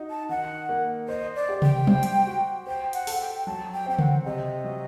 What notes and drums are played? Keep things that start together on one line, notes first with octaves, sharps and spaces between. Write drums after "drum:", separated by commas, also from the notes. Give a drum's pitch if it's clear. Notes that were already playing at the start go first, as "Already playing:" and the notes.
Already playing: D#4 F#4
A5
D#3 F#5
A#3
C5 D#5
D5
G4
G5, drum: tom C3
C5, drum: tom F#3
drum: hi-hat
F#4
C5 G5
F#5, drum: hi-hat
A4, drum: open hi-hat
F#5
G5
F#3 A5
G5
C4 G5
F#5, drum: tom C#3
C3 D#5
F#3